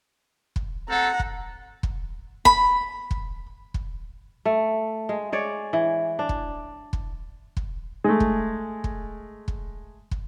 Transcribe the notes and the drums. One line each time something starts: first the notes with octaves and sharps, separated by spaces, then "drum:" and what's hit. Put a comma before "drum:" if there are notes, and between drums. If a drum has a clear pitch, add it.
drum: kick
C4 A4 F#5 A#5
drum: kick
drum: kick
B5, drum: kick
drum: kick
drum: kick
A3
G#3
G#3 C#5 D5
E3
D4
drum: kick
drum: kick
drum: kick
G#3 A3
drum: kick
drum: kick
drum: kick
drum: kick